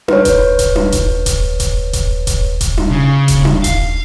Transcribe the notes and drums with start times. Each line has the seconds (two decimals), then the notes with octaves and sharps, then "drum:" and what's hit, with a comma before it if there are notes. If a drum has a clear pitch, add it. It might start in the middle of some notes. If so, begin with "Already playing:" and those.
0.08 B4 C#5, drum: tom D4
0.25 drum: kick D#1, hi-hat
0.59 drum: kick D#1, hi-hat
0.76 drum: tom D4
0.92 drum: kick D#1, hi-hat
1.26 drum: kick D#1, hi-hat
1.60 drum: kick D#1, hi-hat
1.93 drum: kick D#1, hi-hat
2.27 drum: kick D#1, hi-hat
2.61 drum: kick D#1, hi-hat
2.77 drum: tom D4
2.90 C#3
3.28 drum: kick D#1, hi-hat
3.45 drum: tom D4
3.64 F5, drum: kick D#1, hi-hat